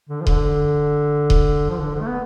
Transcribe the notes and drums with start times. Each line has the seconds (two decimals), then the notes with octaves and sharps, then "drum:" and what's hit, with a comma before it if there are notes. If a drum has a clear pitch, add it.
0.09 D3
0.21 F3
0.27 D3, drum: kick D#1
1.30 drum: kick D#1
1.70 F3
1.81 D3
1.95 D3
2.01 A3
2.07 B3